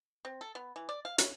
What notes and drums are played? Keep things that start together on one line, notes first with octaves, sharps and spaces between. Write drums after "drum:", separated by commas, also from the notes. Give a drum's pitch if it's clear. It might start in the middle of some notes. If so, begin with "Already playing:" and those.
C4
A4
B3
E3
D5
F5
C#5, drum: hi-hat